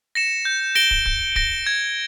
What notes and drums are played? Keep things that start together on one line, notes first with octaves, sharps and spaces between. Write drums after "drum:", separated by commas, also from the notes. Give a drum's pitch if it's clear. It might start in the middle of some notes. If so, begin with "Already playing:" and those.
A#6 C#7 E7
G6
A#6 D7 G7, drum: open hi-hat
drum: kick
G6, drum: kick
A#6 D7 G7, drum: kick
G#6